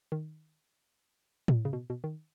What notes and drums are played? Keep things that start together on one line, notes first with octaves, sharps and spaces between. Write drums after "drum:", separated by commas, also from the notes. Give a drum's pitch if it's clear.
D#3
drum: tom A2
C#3
B2
B2
D#3